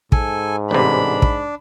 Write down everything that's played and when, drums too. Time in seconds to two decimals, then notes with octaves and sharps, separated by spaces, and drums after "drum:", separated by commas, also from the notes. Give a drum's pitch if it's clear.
0.12 G#2 A4 G#5, drum: kick
0.71 A1 C3 D4 B5
1.22 drum: kick